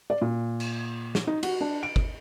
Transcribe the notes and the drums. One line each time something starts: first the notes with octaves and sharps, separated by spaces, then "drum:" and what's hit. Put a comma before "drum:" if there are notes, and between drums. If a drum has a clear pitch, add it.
D5
A#2
drum: cymbal
drum: snare
D#4
F#4, drum: cymbal
D4
D7
drum: kick